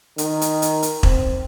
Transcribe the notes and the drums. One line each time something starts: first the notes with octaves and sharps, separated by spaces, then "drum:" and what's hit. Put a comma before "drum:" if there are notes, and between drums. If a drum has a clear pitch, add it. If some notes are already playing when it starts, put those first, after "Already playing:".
D#3, drum: hi-hat
drum: hi-hat
drum: hi-hat
drum: hi-hat
C4, drum: kick E1